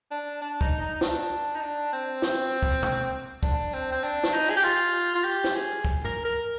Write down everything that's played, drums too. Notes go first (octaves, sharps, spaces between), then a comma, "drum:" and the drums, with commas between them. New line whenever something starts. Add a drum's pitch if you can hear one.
D4
D4
D#4, drum: kick
D#4
D4, drum: snare
D#4
D4
C4
drum: snare
drum: kick
drum: tom
D4, drum: kick
C4
C4
D4
drum: snare
D#4
G#4
G4
F4
F4
G4
drum: snare
G#4
drum: kick
A#4, drum: tom G2
A#4